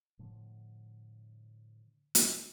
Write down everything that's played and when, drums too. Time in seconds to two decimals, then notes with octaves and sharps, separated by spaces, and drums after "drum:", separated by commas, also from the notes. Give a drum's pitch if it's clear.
0.19 A2 D3 F3
2.15 drum: hi-hat